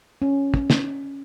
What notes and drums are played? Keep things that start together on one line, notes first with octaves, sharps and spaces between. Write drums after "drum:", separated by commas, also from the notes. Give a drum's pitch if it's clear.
C#4
drum: kick
drum: snare